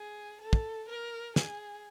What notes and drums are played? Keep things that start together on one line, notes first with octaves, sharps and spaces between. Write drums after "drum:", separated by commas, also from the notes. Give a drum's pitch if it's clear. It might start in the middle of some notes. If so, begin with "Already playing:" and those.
Already playing: G#4
A4
drum: kick
A#4
G#4, drum: snare